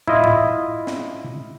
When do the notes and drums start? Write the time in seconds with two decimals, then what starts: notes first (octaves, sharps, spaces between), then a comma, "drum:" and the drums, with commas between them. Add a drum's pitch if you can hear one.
0.08 E4 F4 D#5, drum: tom
0.24 drum: tom G#2
0.87 drum: snare